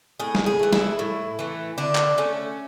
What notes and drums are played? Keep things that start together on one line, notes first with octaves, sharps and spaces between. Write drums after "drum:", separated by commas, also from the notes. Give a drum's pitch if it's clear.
A2 G#4
drum: snare
G#4
E3 A3
E4, drum: snare
A2
E3 A3
D3 D4
drum: clap
A3 C#4